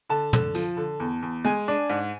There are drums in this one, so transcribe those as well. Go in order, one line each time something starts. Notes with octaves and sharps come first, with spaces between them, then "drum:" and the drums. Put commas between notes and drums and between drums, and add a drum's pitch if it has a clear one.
D3 A5
D3, drum: tom
F3, drum: tambourine
D3
E2
E2
G#3 G#5
D4
G#2